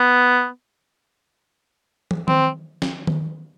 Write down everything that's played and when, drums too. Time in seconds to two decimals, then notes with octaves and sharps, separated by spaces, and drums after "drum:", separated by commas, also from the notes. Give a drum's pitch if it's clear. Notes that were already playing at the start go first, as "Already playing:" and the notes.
Already playing: B3
2.11 drum: tom
2.28 C4, drum: tom D#3
2.82 drum: snare
3.07 drum: tom D#3